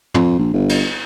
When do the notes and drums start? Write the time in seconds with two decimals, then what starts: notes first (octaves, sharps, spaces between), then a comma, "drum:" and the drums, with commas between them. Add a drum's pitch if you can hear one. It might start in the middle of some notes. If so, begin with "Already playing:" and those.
0.14 F2, drum: tom
0.39 A#1
0.53 G1
0.69 drum: cymbal